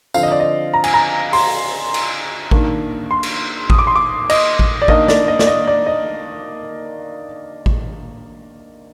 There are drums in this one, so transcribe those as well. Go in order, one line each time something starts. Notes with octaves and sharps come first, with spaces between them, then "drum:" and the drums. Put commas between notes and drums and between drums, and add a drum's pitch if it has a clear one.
D3 F3 C4 F5, drum: tambourine
D#5
D5
D#5
A#5
G#5, drum: cymbal
A#5
C6, drum: open hi-hat
drum: cymbal
D#3 A#3 D4, drum: kick A1
C6
drum: cymbal
D#6, drum: kick A1
D6
C6
D6
D#5, drum: cymbal
drum: kick A1
D5
D#3 A#3 D4 D#5, drum: kick A1
D5, drum: snare
D#5
D5, drum: snare
D#5
D5
D#5
drum: kick A1